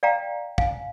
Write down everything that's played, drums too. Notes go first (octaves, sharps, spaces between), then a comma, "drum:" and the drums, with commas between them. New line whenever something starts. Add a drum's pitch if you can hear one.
D5 F5 G5 A#5
F5 G#5, drum: kick